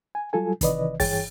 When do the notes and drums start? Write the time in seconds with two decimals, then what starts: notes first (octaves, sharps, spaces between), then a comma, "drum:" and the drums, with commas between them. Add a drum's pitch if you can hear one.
0.15 G#5
0.33 F#3 G3 F4 A4 G#5
0.61 C3 D#3 E3 B4 D5 D#5, drum: kick, hi-hat
1.00 G2 E3 G#4 C#5 G5 A6, drum: kick, open hi-hat